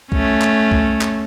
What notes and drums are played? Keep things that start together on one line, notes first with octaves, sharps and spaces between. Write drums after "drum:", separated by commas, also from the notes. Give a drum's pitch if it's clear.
A3 C#4, drum: kick B1
drum: clap
drum: kick B1
drum: clap